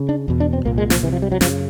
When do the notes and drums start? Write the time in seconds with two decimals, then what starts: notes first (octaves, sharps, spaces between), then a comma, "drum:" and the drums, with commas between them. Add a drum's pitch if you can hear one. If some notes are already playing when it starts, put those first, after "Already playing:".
Already playing: C#3
0.09 D4
0.28 E2 B2
0.40 D4
0.53 C4
0.65 C2 A#2 A#3
0.78 G#3
0.90 F3, drum: snare
1.03 C2 C3 E3
1.13 F3
1.22 G3
1.32 F#3
1.41 F#2 C#3 F3, drum: snare